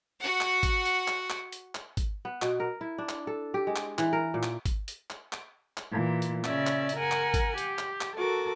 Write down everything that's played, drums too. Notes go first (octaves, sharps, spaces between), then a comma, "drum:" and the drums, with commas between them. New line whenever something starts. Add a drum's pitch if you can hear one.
F#4 F#5
drum: clap
drum: kick, hi-hat
drum: hi-hat
drum: clap
drum: clap
drum: hi-hat
drum: clap
drum: kick, hi-hat
B3
B2, drum: clap
A#4
E4
D4
drum: clap
A4
G4
G#3
drum: clap
E3, drum: clap
A#4
A#2
drum: clap
drum: kick, hi-hat
drum: hi-hat
drum: clap
drum: clap
drum: clap
A#2 E3
drum: hi-hat
C#3 C#4 D5 E5, drum: clap
drum: clap
drum: hi-hat
A#4 F#5 G#5
drum: clap
drum: kick, hi-hat
G4, drum: hi-hat
drum: clap
drum: clap
F#4 A4 A#4 D6